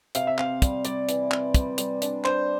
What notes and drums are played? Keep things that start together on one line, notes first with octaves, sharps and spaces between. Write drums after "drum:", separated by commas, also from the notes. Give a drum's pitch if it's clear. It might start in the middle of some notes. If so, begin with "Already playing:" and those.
C3 F5, drum: hi-hat
E5
C4 F5, drum: clap
G3, drum: kick, hi-hat
G3 D5, drum: hi-hat
E3, drum: hi-hat
C4, drum: clap
G3, drum: kick, hi-hat
G3, drum: hi-hat
D4, drum: hi-hat
D4 C5, drum: clap